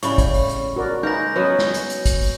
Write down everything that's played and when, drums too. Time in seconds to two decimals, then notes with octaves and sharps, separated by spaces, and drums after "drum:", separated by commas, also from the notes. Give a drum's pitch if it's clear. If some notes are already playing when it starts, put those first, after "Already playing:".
0.03 A2 C#3 G3 B5 C#6, drum: hi-hat
0.18 drum: kick, hi-hat
0.34 drum: open hi-hat
0.49 drum: hi-hat
0.76 F#4 A#4 D5
1.03 G#3 A#3 D#4 A#4 B4 G6 A#6
1.36 F#3 B3 C#4 B4 D#6
1.59 drum: snare
1.74 drum: hi-hat
1.90 drum: hi-hat
2.06 drum: kick, hi-hat
2.21 drum: open hi-hat